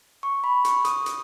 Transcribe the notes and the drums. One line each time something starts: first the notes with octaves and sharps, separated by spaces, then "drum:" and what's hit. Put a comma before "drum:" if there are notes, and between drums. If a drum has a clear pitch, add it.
C#6
B5
C#6, drum: hi-hat
D#6, drum: hi-hat
drum: hi-hat